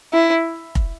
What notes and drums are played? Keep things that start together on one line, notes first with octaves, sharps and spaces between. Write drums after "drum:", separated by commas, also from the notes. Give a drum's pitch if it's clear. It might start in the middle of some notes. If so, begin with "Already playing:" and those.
E4
drum: kick F1